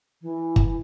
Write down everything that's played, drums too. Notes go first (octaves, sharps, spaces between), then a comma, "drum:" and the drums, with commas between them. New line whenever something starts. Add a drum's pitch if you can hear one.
E3
drum: kick